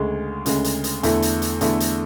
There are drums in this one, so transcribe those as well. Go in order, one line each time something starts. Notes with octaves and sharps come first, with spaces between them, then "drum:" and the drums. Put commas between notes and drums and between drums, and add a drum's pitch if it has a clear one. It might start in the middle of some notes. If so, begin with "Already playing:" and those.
Already playing: D2 C#3 G#3
D2 C#3 G#3, drum: hi-hat
drum: hi-hat
drum: hi-hat
E2 D3 A3 E4, drum: hi-hat
drum: hi-hat
drum: hi-hat
E2 D3 A3 E4, drum: hi-hat
drum: hi-hat